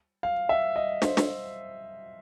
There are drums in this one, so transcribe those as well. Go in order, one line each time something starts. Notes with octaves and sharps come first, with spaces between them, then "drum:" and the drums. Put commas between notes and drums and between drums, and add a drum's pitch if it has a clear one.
F5
E5
D#5
C5, drum: snare
drum: snare